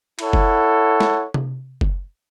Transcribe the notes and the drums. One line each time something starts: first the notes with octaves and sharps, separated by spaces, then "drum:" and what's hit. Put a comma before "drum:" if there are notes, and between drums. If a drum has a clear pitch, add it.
E4 A4 C#5 F#5, drum: cymbal
drum: kick F#1
drum: snare
drum: tom C3
drum: kick F#1